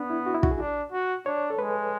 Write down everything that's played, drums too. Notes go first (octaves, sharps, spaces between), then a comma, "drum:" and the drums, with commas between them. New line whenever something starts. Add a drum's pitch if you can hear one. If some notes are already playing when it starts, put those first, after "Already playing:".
Already playing: B3 D4
E4
F#4
E4
F#4, drum: kick
G#4
D4
F#4
D4 C#5
A4
G#3 B4